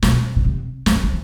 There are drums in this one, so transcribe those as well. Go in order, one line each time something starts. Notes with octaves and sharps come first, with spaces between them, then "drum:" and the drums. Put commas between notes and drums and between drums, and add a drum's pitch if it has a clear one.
B2, drum: snare
B2
C3
C#3, drum: snare
D3